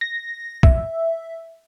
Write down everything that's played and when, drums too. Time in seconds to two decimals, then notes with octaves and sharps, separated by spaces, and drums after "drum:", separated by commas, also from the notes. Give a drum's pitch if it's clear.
0.01 A#6
0.63 E5, drum: kick